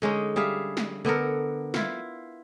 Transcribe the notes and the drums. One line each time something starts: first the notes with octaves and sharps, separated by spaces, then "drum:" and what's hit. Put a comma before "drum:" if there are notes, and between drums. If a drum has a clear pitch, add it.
D3 G#3 C#4 D#4
G3 G#4 E5 F5
drum: snare
D3 B3 A4 A#4
E4 F4, drum: snare